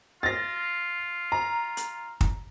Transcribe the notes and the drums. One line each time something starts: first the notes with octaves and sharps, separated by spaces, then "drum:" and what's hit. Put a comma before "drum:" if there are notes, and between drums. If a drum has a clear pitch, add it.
F4 A6 A#6
A#5
drum: hi-hat
drum: kick